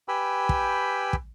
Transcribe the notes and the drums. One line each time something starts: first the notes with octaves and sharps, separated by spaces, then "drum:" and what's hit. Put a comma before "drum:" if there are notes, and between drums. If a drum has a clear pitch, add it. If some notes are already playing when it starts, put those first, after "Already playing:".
G4 B4 G5 G#5 B5 E6
drum: kick
drum: kick